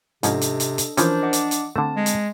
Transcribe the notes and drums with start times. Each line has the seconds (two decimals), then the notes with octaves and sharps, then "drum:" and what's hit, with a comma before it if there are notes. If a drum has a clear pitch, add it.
0.23 G#2 C3 F3 C#4 D4 A4 D#5, drum: hi-hat
0.41 drum: hi-hat
0.60 drum: hi-hat
0.78 drum: hi-hat
0.97 E3 F3 C#4 D4 A#4 C5 G6, drum: hi-hat
1.22 D#5 F#5 D6
1.33 drum: hi-hat
1.51 drum: hi-hat
1.76 D3 A3 C4 A5
1.96 G#3
2.06 drum: hi-hat